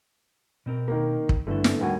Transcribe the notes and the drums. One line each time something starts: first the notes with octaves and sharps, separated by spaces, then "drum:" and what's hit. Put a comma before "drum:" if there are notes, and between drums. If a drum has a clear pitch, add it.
B2 C4 A#4
D#3 A#3
drum: kick
G2 D3 E3 A3 A4
drum: snare
D#2 A2 G3 F#4 F#5 G#5